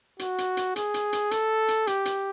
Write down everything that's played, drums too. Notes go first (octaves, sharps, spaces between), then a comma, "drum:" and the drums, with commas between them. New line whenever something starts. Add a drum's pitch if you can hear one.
F#4, drum: hi-hat
drum: hi-hat
drum: hi-hat
G#4, drum: hi-hat
drum: hi-hat
drum: hi-hat
A4, drum: hi-hat
drum: hi-hat
G4, drum: hi-hat
drum: hi-hat